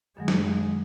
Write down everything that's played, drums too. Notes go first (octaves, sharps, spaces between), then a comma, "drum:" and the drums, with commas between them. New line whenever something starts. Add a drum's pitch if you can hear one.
F#2 D#3 F#3 G#3
drum: snare